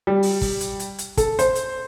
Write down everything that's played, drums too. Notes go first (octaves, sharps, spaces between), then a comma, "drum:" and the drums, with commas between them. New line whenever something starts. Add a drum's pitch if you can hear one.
G3
drum: open hi-hat
drum: kick, open hi-hat
drum: hi-hat
drum: hi-hat
drum: hi-hat
A4, drum: kick, hi-hat
C5, drum: hi-hat
drum: hi-hat